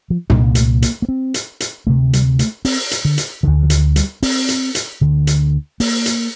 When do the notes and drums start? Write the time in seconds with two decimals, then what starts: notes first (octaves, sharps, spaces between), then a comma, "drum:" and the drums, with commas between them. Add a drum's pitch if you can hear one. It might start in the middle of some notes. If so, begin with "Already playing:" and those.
0.10 F3
0.30 C2 A#2 G3, drum: tom
0.55 A3, drum: hi-hat
0.82 A#3, drum: hi-hat
1.02 A#3
1.09 C4
1.34 drum: hi-hat
1.60 drum: hi-hat
1.87 D2 C3 A3
2.13 G3, drum: hi-hat
2.39 A3, drum: hi-hat
2.65 C4, drum: open hi-hat
2.91 drum: hi-hat
3.05 D3
3.18 drum: hi-hat
3.43 D2 D3 D#3
3.63 F3
3.70 D#3, drum: hi-hat
3.96 G3, drum: hi-hat
4.23 C4, drum: open hi-hat
4.49 drum: hi-hat
4.75 drum: hi-hat
5.01 D2 D3
5.27 drum: hi-hat
5.80 A#3, drum: open hi-hat
6.06 drum: hi-hat